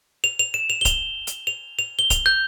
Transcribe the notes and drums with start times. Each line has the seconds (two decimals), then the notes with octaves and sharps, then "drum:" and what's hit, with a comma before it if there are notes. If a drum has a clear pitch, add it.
0.24 F7
0.39 F7
0.54 E7
0.70 F7
0.81 G7
0.85 F7, drum: kick C#1, hi-hat
1.27 drum: hi-hat
1.47 F7
1.79 F7
1.99 G7
2.10 F7, drum: kick C#1, hi-hat
2.26 G6